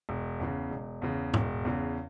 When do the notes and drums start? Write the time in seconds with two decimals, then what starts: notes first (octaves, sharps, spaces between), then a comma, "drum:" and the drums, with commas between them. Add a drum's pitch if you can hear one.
0.09 E1
0.40 E2 C#3
0.71 E1
1.02 E2 C#3
1.34 E1, drum: tom G#2
1.65 E2 C#3